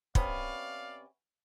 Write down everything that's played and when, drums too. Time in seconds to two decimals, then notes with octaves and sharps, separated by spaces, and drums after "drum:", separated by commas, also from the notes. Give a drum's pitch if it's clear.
0.15 C3 B3 C#4 D5 F5, drum: kick